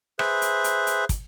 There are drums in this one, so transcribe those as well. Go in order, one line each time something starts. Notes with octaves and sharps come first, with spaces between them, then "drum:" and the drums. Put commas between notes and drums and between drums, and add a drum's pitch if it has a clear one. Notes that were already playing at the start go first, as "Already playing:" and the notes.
G#4 B4 C5 E5, drum: rim click
drum: hi-hat
drum: hi-hat
drum: hi-hat
drum: kick, hi-hat